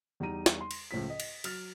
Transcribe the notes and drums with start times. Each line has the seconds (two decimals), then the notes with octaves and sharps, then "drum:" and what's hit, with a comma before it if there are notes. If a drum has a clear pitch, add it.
0.20 E2 G3 D#4 A#5 D#7
0.46 drum: snare
0.61 C6
0.71 drum: cymbal
0.91 C#2 A2 F3 B6
1.10 D#5
1.20 drum: cymbal
1.44 F#3 F6 A6, drum: cymbal